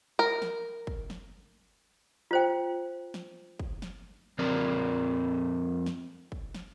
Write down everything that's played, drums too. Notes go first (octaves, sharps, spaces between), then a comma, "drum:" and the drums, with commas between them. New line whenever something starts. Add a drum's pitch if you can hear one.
A#4
drum: snare
drum: kick
drum: snare
F4 C5 G5
drum: snare
drum: kick
drum: snare
F2 F3 C4 A#4 D5
drum: snare
drum: kick
drum: snare